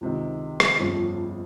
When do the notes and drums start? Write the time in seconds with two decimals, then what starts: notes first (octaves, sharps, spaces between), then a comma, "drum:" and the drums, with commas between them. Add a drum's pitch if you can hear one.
0.01 C#2 C3 D#3
0.60 drum: rim click
0.79 G1 F2 C#3 F3